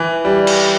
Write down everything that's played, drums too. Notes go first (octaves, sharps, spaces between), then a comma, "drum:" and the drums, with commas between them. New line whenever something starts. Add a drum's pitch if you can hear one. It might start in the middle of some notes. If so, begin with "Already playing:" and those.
Already playing: E3
G3
drum: cymbal